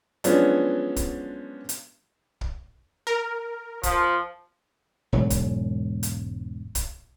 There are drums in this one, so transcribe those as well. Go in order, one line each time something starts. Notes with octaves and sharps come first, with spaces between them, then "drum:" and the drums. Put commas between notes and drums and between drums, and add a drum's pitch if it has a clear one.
F3 F#3 G#3 B3 C#4 D4, drum: hi-hat
drum: kick, hi-hat
drum: hi-hat
drum: kick
A#4
F3, drum: kick, hi-hat
E1 G#2 F#3
drum: kick, hi-hat
drum: hi-hat
drum: kick, hi-hat